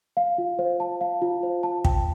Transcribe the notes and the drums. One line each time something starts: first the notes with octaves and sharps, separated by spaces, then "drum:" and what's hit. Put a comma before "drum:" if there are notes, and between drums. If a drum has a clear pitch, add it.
F5
F4
C5
A5
F5
F4
C5
A5
G5, drum: kick